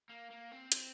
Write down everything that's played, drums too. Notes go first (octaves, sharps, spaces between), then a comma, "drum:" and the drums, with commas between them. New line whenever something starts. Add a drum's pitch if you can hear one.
A#3
A#3
C4
C4, drum: hi-hat